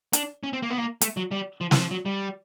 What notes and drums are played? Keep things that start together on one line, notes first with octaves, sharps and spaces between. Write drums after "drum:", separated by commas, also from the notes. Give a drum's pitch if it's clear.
D4, drum: hi-hat
C#4
C4
A#3
B3
A#3
A3, drum: hi-hat
F#3
G3
F3
E3, drum: snare
F3
F#3
G3